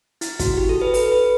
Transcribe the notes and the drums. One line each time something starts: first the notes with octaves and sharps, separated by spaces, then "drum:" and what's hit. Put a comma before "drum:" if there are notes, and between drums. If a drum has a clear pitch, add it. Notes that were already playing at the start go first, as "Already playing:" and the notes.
E4, drum: hi-hat
F#4, drum: kick, hi-hat
G4
A4
B4
B4, drum: open hi-hat
B4